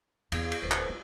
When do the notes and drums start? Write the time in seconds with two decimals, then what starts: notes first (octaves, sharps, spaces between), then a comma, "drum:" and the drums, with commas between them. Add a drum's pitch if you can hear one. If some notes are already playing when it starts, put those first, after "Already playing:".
0.32 E2 G#4 F5, drum: cymbal
0.52 drum: cymbal
0.62 D1 D2 A4 B4 C5
0.71 drum: clap
0.89 F4